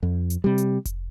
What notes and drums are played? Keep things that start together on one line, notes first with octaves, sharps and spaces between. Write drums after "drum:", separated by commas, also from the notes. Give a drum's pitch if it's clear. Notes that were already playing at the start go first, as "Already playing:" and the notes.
F2
drum: hi-hat
C3 G3
drum: hi-hat
drum: kick F1, hi-hat